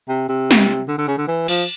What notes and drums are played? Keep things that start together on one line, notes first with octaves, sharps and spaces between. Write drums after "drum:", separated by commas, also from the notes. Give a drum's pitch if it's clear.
C3
C3
drum: snare
D3
D3
C#3
D3
E3
F3, drum: cymbal